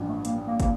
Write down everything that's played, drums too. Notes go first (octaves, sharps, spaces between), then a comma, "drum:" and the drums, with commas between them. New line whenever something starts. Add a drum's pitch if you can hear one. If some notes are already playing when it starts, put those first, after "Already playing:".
Already playing: A1 G2 F3
A3
A#3, drum: hi-hat
A#3
A#3, drum: kick, hi-hat